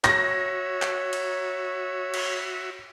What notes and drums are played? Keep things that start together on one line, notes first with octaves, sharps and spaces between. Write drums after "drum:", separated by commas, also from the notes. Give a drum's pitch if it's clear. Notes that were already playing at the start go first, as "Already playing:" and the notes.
F#4 C#5 E5 A#6, drum: clap
drum: clap
drum: cymbal
drum: cymbal